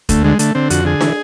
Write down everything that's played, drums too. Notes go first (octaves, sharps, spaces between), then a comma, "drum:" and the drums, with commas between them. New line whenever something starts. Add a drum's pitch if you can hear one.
D2 A3, drum: kick E1, hi-hat
D3 G#3
D3 A3, drum: hi-hat
D3 C4
F2 F#4, drum: hi-hat
D3 G#4
E3, drum: snare